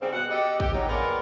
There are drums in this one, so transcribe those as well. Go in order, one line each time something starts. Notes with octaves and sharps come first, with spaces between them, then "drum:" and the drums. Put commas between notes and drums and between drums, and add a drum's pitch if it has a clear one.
D#2 G#2 C#3 G3 C4
B2 F#5
G4 A4 D#5
G4, drum: kick
A#2 F#3 D#4
A#3 B3 D4 F4 G#4 A#4